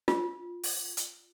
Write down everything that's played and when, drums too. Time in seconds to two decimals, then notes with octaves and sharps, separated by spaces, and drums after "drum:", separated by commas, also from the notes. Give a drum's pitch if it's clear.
0.08 F4, drum: snare
0.63 drum: open hi-hat
0.97 drum: hi-hat